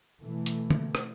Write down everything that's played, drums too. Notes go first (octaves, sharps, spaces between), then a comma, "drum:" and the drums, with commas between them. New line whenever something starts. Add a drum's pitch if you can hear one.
B2 E3 A3
drum: hi-hat
drum: tom D3
drum: rim click